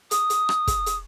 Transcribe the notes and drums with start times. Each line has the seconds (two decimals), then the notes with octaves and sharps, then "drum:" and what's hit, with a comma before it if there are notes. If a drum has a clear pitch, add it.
0.11 D#6, drum: hi-hat
0.30 drum: hi-hat
0.49 drum: rim click
0.67 drum: kick, hi-hat
0.86 drum: hi-hat